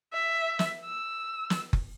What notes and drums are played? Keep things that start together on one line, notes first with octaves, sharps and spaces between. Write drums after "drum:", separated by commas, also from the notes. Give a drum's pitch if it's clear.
E5
drum: snare
E6
drum: snare
drum: kick F#1